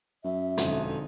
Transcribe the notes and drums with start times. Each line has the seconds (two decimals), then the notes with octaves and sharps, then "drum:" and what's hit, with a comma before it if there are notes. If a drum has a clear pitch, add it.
0.24 F#2 E5
0.58 E1 F2 D3 D#4, drum: hi-hat